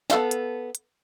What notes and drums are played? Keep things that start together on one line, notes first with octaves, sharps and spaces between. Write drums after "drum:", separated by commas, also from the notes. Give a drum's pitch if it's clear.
B3 A4 F5 A5, drum: snare
drum: hi-hat
drum: hi-hat